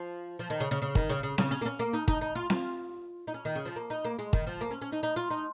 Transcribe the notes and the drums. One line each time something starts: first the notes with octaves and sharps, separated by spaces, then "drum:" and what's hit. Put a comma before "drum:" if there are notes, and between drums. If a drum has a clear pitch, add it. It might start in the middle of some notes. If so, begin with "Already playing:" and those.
Already playing: F3
F3
D#3
C#3
C#3
C#3
D#3, drum: kick
C#3
C#3
C#3, drum: snare C4
C#4
A#3
C#4
A#3
D#4
D#4, drum: kick
D#4
F4
F4, drum: snare C4
D#4
C#4
D#3
C#3
F3
A#3
D#4
A#3
G#3
D#3, drum: kick
F3
A#3
C#4
C#4
D#4
D#4
F4
D#4